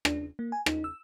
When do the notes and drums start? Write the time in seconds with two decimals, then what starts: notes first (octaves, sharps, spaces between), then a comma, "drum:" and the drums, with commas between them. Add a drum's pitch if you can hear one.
0.05 D4, drum: rim click
0.39 A#3
0.52 G#5
0.66 D#4, drum: rim click
0.84 E6